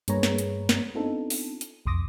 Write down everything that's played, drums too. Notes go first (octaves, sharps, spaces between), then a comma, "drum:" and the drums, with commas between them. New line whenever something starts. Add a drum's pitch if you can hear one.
G2 A#3 G#4 B4 C#5 A#5, drum: hi-hat
drum: snare
drum: hi-hat
drum: snare
B3 C4 D4 D#4 F4 A4
drum: open hi-hat
drum: hi-hat
B1 F2 C6 D6 D#6 A#6